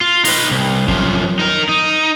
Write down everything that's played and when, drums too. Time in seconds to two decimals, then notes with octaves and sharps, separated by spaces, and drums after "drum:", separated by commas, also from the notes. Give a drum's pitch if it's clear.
0.01 F4
0.25 D#4 B4, drum: open hi-hat
0.51 C2
0.88 F#2 F3, drum: kick
1.39 D#4 A#4
1.69 D#4